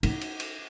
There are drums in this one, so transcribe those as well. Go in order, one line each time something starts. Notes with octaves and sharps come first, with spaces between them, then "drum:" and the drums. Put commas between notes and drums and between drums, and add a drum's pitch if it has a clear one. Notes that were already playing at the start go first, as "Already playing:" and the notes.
D#4, drum: cymbal
drum: cymbal
drum: cymbal